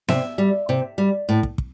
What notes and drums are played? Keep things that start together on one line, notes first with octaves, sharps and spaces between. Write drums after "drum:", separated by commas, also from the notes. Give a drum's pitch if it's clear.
C3 E5, drum: snare B3
G3
C3
G3
A2
drum: kick
drum: kick